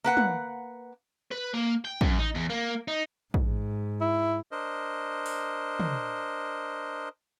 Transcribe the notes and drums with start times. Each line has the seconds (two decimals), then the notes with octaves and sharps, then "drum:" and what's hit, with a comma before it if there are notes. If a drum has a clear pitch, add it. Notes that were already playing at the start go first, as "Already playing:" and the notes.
0.04 A#3 B4 F#5
0.17 drum: tom
1.31 B4
1.54 A#3
1.85 G5
2.01 F#2, drum: kick
2.19 D#4
2.35 E2
2.50 A#3
2.88 D#4
3.34 G#2, drum: kick
4.01 E4
4.51 D4 A#4 C5 D#5
5.26 drum: open hi-hat
5.80 drum: tom